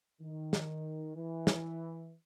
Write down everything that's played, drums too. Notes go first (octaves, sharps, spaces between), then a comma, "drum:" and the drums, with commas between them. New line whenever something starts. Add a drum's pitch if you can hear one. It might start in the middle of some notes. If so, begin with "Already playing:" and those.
D#3
drum: snare
E3
drum: snare